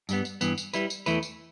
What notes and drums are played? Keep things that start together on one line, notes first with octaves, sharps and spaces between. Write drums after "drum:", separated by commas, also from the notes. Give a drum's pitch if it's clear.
G2 G3 B3, drum: tambourine
drum: tambourine
G2 E3 B3, drum: tambourine
drum: tambourine
G3 E4 B4, drum: tambourine
drum: tambourine
E2 E3 A3 E4 B4, drum: tambourine
drum: tambourine